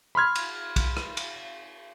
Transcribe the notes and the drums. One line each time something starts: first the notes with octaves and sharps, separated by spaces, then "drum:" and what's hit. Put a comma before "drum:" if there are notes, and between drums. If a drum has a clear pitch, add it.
B5 C6 F6 G#6
drum: cymbal
drum: kick, cymbal
drum: rim click
drum: cymbal